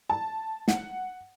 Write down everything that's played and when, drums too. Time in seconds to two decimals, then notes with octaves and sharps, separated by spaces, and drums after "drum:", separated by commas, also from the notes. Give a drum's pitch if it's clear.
0.10 A5
0.68 F#5, drum: snare